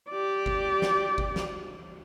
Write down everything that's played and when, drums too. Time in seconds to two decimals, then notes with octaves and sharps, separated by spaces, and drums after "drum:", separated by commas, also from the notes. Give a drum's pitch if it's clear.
0.10 G4 D5
0.46 drum: kick G1
0.82 drum: snare
1.18 drum: kick G1
1.36 drum: snare